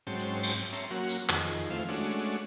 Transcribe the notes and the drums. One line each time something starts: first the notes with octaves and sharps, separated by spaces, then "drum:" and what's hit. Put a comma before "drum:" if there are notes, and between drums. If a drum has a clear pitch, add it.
G#2 F#3 C4 C#4 G5 A5
drum: hi-hat
drum: cymbal
C#5 E5 A5 A#5 C6, drum: hi-hat
F#3 A#3 C#4 F#4
drum: tambourine
F2 D#3 G#4, drum: clap
F3 A3 C4 E4 F5
G#3 A3 C#4 D4 F#4, drum: open hi-hat